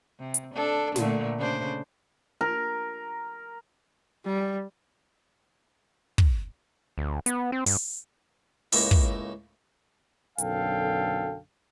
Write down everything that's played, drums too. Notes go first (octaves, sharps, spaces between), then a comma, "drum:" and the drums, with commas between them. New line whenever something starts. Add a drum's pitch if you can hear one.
C3
drum: hi-hat
D4 A4
A#2 D3 A3, drum: snare
C#3 D4 C5
A#4
G3
drum: kick
D2
B3, drum: hi-hat
C4
G2, drum: open hi-hat
C#2 A2 A#3 E5, drum: open hi-hat
drum: kick
B1 F#2 D3 A4 F5 G5, drum: hi-hat